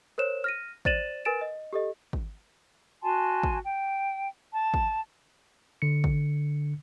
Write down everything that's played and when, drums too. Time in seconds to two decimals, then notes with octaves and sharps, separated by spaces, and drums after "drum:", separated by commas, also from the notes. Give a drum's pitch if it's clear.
0.18 A#4 C5 C#5 E7
0.44 F6 A#6 D#7
0.85 C5 D5 A6 D#7 E7 F#7, drum: kick
1.25 A#4 B4 G#5 A6 D7 E7
1.41 D#5
1.73 G4 A4 D#5
2.13 drum: kick
3.02 F#4 G#5 A5 C6
3.43 drum: kick
3.64 G5
4.52 A5
4.74 drum: kick
5.82 D3 C#7
6.04 drum: kick